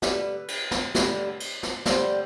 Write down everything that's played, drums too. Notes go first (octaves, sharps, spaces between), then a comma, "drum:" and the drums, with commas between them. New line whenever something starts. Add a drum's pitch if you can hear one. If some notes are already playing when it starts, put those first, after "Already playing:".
D3 G3 B4, drum: snare
drum: cymbal
drum: snare
D3 G3, drum: snare
drum: cymbal
drum: snare
D3 G3 C5, drum: snare